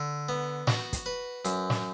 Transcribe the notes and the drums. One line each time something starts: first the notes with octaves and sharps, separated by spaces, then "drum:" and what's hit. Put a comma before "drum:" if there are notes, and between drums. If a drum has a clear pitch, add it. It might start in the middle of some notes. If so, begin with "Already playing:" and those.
Already playing: D3
B3
F#4, drum: snare
drum: kick, hi-hat
B4
F#2, drum: hi-hat
drum: snare